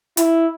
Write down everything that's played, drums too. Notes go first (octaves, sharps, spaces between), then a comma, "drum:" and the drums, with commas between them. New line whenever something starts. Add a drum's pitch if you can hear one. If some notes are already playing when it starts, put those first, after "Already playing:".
E4, drum: hi-hat